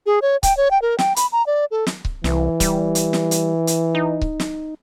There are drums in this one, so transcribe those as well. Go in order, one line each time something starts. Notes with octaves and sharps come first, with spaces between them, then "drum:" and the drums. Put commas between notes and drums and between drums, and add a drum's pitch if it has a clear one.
G#4
C#5
G5, drum: kick C#1, hi-hat
C#5
G5
A#4
G5, drum: snare
B5, drum: hi-hat
A#5
D5
A4
drum: snare
drum: kick C#1
C2 E3, drum: snare
G3, drum: kick C#1, hi-hat
drum: hi-hat
drum: snare
drum: hi-hat
drum: hi-hat
D#4
drum: kick C#1
drum: snare